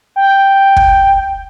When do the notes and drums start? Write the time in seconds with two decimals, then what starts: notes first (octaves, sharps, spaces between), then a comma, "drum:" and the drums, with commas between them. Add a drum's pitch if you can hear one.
0.16 G5
0.76 drum: kick